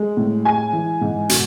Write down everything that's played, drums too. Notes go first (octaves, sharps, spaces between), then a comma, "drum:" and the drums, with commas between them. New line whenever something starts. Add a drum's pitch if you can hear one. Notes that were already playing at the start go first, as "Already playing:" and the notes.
Already playing: G#3
A2
G#3 G#5
E3
G#2
B2, drum: hi-hat